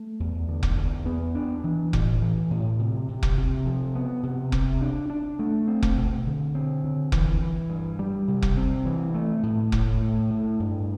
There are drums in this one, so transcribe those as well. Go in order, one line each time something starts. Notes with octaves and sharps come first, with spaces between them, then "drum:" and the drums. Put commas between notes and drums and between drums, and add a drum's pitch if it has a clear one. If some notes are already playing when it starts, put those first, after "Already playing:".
Already playing: A3
E2
D3
drum: kick F1
E2
B3
D4
E3
A2, drum: kick F1
E3
A2
C3
C3
drum: kick F1
C3
F3
B3
C3
C3, drum: kick F1
D4
D4
A3
C4
drum: kick F1
B2
D3
C4
D3
E3, drum: kick F1
E3
G2
G3
C3
drum: kick F1
C4
E3
A3
A2
A2, drum: kick F1
A3
A2
G2